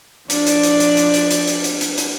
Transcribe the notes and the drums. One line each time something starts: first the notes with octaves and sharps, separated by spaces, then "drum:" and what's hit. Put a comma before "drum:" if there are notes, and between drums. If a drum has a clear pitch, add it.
F3 D4 D5, drum: hi-hat
drum: hi-hat
drum: hi-hat
drum: hi-hat
drum: hi-hat
drum: hi-hat
drum: hi-hat
drum: hi-hat
drum: hi-hat
drum: hi-hat
drum: hi-hat